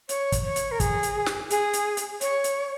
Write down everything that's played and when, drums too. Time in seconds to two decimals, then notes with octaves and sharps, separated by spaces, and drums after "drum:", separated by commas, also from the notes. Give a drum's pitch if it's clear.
0.09 C#5, drum: hi-hat
0.32 drum: kick, hi-hat
0.44 C#5
0.56 drum: hi-hat
0.71 A#4
0.80 G#4, drum: kick, hi-hat
1.03 drum: hi-hat
1.26 drum: snare
1.50 G#4, drum: hi-hat
1.73 drum: hi-hat
1.97 drum: hi-hat
2.21 C#5, drum: hi-hat
2.44 drum: hi-hat